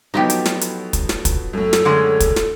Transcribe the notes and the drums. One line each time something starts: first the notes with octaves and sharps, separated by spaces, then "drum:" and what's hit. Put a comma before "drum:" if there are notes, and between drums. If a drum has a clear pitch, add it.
A2 F3 F#3 B3 D#4 F4 G4
drum: hi-hat
drum: snare
drum: hi-hat
drum: kick, hi-hat
drum: snare
drum: kick, hi-hat
F#2 A2 A4
drum: snare
D3 G#3 C#4
drum: kick, hi-hat
drum: snare